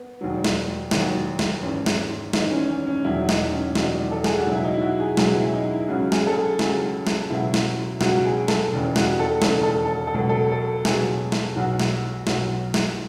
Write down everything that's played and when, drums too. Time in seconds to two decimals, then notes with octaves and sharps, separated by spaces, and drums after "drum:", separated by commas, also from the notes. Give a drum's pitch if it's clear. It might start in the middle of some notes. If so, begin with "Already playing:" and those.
Already playing: B3
0.21 E1 D#2 D#3 F#3
0.44 drum: snare
0.91 E1 D#2 D#3 F#3, drum: snare
1.39 drum: snare
1.63 G#1 G#2 E3 C#4
1.86 drum: snare
2.33 G#1 G#2 E3 D#4, drum: snare
2.51 C#4
2.69 C#4
2.87 C#4
3.04 E1 E2 D#3 F#3 E4
3.29 D#4, drum: snare
3.52 C#4
3.75 E1 E2 D#3 F#3 D#4, drum: snare
4.11 A4
4.24 G#4, drum: snare
4.38 F#4
4.47 C#2 B2 F#3 E4
4.64 D#4
4.74 E4
4.82 F#4
5.00 G#4
5.17 C#2 B2 F#3 G#4, drum: snare
5.35 E4
5.53 D#4
5.71 E4
5.89 C#2 C#3 F#3 F#4
6.12 G#4, drum: snare
6.27 A4
6.35 G#4
6.59 C#2 C#3 F#3 G#4, drum: snare
7.07 drum: snare
7.30 C#2 B2 F#3 E4
7.54 drum: snare
8.01 C#2 B2 F#3 F#4, drum: snare
8.25 G#4
8.48 A4, drum: snare
8.72 E1 D#2 C#3 E3
8.96 F#4, drum: snare
9.19 A4
9.42 E1 D#2 C#3 E3 A4, drum: snare
9.63 A4
9.85 A4
10.07 A4
10.14 C#2 B2 F#3
10.29 A4
10.52 A4
10.85 C#2 B2 F#3 G#4, drum: snare
11.32 drum: snare
11.56 B1 B2 F#3 F#4
11.80 drum: snare
12.27 B1 B2 F#3, drum: snare
12.74 drum: snare